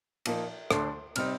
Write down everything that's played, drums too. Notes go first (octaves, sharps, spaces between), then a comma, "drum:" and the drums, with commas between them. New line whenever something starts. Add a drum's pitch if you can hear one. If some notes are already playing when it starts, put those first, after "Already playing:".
A#2 F3 A#3 D#4, drum: cymbal
D2 D3 A3 D4 C6, drum: rim click
C3 G3 C4 D#4 F6, drum: cymbal